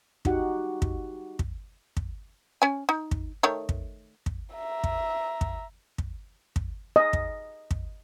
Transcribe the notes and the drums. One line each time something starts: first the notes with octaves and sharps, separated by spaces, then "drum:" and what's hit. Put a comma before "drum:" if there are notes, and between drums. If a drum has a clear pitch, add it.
G3 D#4 F#4 G4 F#5, drum: kick
drum: kick
drum: kick
drum: kick
C#4 G#5
D#4
drum: kick
D#3 A3 C#5
drum: kick
drum: kick
E5 A#5
drum: kick
drum: kick
drum: kick
drum: kick
D#5
drum: kick
drum: kick